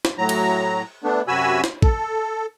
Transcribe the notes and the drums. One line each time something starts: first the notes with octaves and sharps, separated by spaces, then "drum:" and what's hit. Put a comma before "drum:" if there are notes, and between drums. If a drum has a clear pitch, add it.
drum: snare
A2 F#3 A#5
drum: cymbal
A3 B3 D4
F#2 C3 F#4 G#5 B5 E6
drum: snare
A4, drum: kick